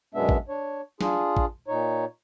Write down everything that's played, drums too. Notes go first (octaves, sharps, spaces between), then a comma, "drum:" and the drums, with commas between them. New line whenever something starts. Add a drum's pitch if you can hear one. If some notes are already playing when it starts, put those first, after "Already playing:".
F#2 B2 G#3 B3 D4 E5
drum: kick
D4 C#5
D4 F4 G#4, drum: snare
drum: kick
A#2 D#4 C#5